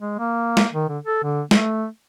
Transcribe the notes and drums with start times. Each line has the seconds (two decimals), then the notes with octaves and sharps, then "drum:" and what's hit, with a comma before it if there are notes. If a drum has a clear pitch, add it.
0.01 G#3
0.19 A#3
0.57 drum: snare
0.73 D#3
0.89 D3
1.04 A4
1.23 D3
1.51 A3, drum: snare